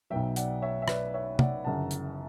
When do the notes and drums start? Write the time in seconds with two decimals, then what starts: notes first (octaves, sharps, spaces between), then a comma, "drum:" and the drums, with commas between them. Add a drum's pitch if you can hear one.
0.10 B1 B2 F#3 E5 G5
0.36 D5 F#5, drum: hi-hat
0.62 C#5 E5
0.82 E5
0.88 B4 D5, drum: rim click
1.14 C#5 E5
1.39 D5 F#5, drum: tom
1.64 G1 F#2 C#3 E3 F#5 A5
1.91 drum: hi-hat